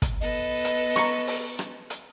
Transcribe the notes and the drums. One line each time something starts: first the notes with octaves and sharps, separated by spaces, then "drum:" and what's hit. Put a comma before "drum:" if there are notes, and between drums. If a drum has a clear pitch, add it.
drum: kick, hi-hat
B3 A4 B4 D#5
drum: hi-hat
A#5 C#6, drum: rim click
drum: open hi-hat
drum: rim click
drum: hi-hat